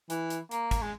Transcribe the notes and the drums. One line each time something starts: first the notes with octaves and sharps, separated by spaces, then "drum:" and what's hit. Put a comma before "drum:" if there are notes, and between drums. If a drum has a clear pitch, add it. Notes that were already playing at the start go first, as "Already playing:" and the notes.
E3, drum: hi-hat
drum: hi-hat
A#3, drum: hi-hat
drum: kick, hi-hat
G#3